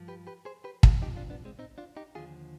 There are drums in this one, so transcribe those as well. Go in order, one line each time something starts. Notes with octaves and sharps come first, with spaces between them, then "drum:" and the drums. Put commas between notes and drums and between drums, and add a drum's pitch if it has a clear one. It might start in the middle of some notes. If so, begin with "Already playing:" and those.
Already playing: G2 F3
G4 B4
G4 B4
G#4 C5
G4 B4
F4 G#4, drum: kick
C2 C3 F3 D#4 G4
D4 F4
B3 D4
G#3 C4
C4 D#4
D4 F4
D#4 G4
D#2 D3 F3 F4 G#4